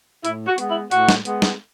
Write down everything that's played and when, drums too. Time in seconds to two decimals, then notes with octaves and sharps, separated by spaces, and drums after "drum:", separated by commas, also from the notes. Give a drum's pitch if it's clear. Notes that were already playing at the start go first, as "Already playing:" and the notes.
0.25 A2 E4, drum: hi-hat
0.47 F#4
0.58 G#3 B3, drum: hi-hat
0.69 E4
0.91 A2 F#4, drum: hi-hat
1.08 drum: snare
1.25 G#3 B3, drum: hi-hat
1.42 drum: snare